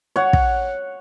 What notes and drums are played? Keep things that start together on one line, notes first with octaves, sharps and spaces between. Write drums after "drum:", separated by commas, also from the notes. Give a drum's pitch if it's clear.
C#5 F#5
drum: kick